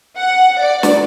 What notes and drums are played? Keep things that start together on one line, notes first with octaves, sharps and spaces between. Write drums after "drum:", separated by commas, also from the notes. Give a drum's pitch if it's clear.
F#5
D5
drum: snare